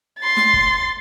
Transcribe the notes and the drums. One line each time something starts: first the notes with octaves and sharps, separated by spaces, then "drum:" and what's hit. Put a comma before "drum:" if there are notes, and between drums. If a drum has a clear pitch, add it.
C6 A6
drum: snare
drum: kick F#1